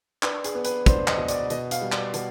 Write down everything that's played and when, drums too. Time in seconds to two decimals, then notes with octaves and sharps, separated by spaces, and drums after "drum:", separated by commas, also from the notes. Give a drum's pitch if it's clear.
0.23 D4 B4, drum: clap
0.44 G#4, drum: hi-hat
0.55 B3
0.65 B4, drum: hi-hat
0.86 D4 C5, drum: kick, hi-hat
1.08 D#5, drum: clap
1.18 B2
1.28 D5, drum: hi-hat
1.50 B2 D#5, drum: hi-hat
1.71 F5, drum: hi-hat
1.81 G3
1.92 D5, drum: clap
2.14 B2, drum: hi-hat